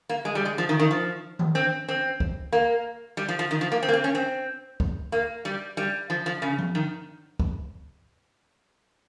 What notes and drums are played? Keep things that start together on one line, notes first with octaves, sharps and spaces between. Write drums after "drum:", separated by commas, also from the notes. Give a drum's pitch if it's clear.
A#3
G#3
G3
G#3
F3
D#3
D#3
F3
drum: tom D#3
C4
C4
drum: kick
A#3
G3
F3
F3
D#3
F3
A#3
C4
A#3
C4
C#4
C4
drum: kick
A#3
G3
G3
F3
F3
C#3
drum: tom F3
D#3
drum: kick